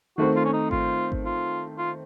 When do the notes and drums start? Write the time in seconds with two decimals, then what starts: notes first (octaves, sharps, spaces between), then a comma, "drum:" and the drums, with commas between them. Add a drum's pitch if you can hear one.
0.18 D#3 A3 C4 F#4
0.36 F4
0.45 C#4
0.53 D#4
0.71 F4, drum: kick G#1
1.12 drum: kick G#1
1.25 F4
1.78 F4